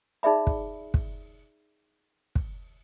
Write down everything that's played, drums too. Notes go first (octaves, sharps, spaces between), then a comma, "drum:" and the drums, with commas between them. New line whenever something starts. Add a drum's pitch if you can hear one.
D#4 G#4 D5 E5 B5
drum: kick
drum: kick
drum: kick